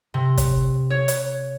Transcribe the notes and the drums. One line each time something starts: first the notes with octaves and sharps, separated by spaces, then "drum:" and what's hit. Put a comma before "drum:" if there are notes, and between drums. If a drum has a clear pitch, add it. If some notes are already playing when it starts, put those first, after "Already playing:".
C3
drum: kick, hi-hat
C#5
drum: hi-hat